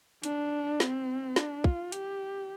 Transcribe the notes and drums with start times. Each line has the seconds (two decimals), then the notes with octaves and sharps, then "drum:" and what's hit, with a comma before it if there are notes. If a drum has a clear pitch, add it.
0.23 D4, drum: hi-hat
0.80 C4, drum: snare
1.36 D4, drum: snare
1.64 F4, drum: kick
1.92 G4, drum: hi-hat